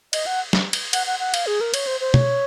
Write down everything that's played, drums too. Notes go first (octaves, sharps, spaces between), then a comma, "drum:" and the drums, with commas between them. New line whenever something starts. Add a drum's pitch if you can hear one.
D#5, drum: cymbal
F#5
drum: snare
drum: cymbal
F#5, drum: cymbal
F#5
F#5
F5, drum: cymbal
G#4
A#4
C#5, drum: cymbal
C5
C5
C#5, drum: tom B2